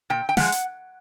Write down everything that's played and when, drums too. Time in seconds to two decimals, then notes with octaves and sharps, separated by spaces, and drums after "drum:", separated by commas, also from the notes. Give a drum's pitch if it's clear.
0.10 A#2 G5
0.29 G5
0.37 F3 G#3 F#5, drum: snare
0.52 drum: hi-hat